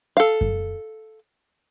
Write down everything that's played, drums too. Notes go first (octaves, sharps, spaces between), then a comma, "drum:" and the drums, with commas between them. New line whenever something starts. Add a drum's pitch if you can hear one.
A4 F5
drum: kick F#2